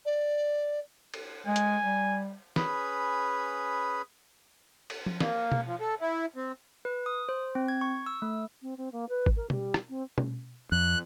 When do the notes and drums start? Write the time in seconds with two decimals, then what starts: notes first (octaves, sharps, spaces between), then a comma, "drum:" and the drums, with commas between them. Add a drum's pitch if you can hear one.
0.05 D5
1.14 drum: cymbal
1.47 G#3 G#5
1.56 drum: hi-hat
1.83 G3
2.56 C#4 G#4 B4 B5, drum: snare
4.90 drum: cymbal
5.06 drum: tom F3
5.20 A#3, drum: snare
5.52 drum: tom B2
5.66 F3
5.81 A4
6.01 E4
6.36 C4
6.85 B4
7.06 D#6
7.29 C5
7.55 C4
7.68 G#6
7.81 C#6
8.06 E6
8.22 A3
8.62 C4
8.77 C4
8.92 A#3
9.09 B4
9.26 drum: kick
9.36 A#4
9.50 G3, drum: tom B2
9.74 drum: rim click
9.89 C4
10.18 drum: tom B2
10.72 F2 F#6